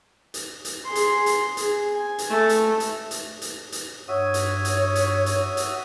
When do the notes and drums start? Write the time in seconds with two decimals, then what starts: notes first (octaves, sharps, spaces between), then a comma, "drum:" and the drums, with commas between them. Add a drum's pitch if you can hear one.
0.34 drum: hi-hat
0.65 drum: hi-hat
0.84 G#4 C6
0.95 drum: hi-hat
1.26 drum: hi-hat
1.57 G#4, drum: hi-hat
1.95 G#5
2.18 drum: hi-hat
2.29 A3
2.49 drum: hi-hat
2.80 drum: hi-hat
3.11 drum: hi-hat
3.42 drum: hi-hat
3.72 drum: hi-hat
4.08 G2 F#4 C#5 E5 D#6
4.34 drum: hi-hat
4.65 drum: hi-hat
4.95 drum: hi-hat
5.26 drum: hi-hat
5.57 drum: hi-hat